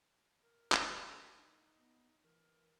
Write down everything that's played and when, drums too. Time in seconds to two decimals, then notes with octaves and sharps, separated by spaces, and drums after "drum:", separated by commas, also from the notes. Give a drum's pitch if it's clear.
0.43 A#4
0.72 D4, drum: clap
1.34 D#4
1.78 B3
2.23 E3 A#4